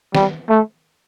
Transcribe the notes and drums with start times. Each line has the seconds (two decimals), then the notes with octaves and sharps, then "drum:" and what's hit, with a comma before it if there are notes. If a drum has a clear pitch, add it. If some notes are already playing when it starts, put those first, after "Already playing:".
0.15 G3, drum: snare
0.50 A3